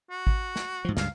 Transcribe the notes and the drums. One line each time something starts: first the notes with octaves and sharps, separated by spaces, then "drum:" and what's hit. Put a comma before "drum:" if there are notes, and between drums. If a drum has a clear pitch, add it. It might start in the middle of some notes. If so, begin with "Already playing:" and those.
F#4
drum: kick G#1
drum: snare
G#2 F3
C#2 G2 F5, drum: snare